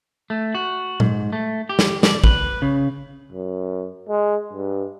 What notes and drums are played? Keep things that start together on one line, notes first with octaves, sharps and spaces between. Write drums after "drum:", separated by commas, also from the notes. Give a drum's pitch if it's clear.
A3
F#4
G#2, drum: tom A#2
A3
G4
drum: snare
D5, drum: snare
B4, drum: kick
C#3
F#2
G#3
G2